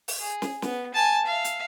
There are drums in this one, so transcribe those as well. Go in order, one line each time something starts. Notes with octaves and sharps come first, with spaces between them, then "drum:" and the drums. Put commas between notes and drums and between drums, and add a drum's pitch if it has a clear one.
drum: open hi-hat
G#4
drum: snare
B3, drum: snare
G#5 A5
E5 F5
drum: hi-hat